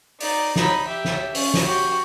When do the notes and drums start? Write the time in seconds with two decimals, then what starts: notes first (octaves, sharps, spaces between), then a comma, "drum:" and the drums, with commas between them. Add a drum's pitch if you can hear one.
0.20 D#4 D5, drum: open hi-hat
0.56 D#4 B5, drum: snare
0.88 G4 E5
1.05 drum: snare
1.35 C#4, drum: open hi-hat
1.54 drum: snare
1.64 F#4 G4